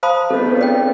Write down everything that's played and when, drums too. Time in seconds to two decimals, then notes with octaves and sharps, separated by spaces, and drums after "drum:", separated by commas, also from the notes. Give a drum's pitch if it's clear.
0.03 C5 F5 A5 B5 C6 D#6
0.30 A4, drum: cymbal
0.61 D5 G5